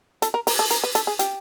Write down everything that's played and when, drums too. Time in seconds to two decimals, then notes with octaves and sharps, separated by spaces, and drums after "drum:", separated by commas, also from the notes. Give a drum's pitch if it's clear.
0.22 A4, drum: hi-hat
0.34 A#4
0.47 A#4, drum: open hi-hat
0.59 A4
0.71 A#4, drum: hi-hat
0.84 B4
0.95 A4, drum: hi-hat
1.07 G#4
1.19 G4, drum: hi-hat